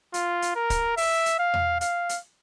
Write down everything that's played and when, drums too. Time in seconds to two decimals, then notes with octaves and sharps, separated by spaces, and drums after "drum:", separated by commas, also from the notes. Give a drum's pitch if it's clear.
0.14 F4, drum: hi-hat
0.42 drum: hi-hat
0.56 A#4
0.70 drum: kick C#1, hi-hat
0.97 E5, drum: open hi-hat
1.26 drum: hi-hat
1.39 F5
1.54 drum: tom E2
1.81 F5, drum: hi-hat
2.09 drum: hi-hat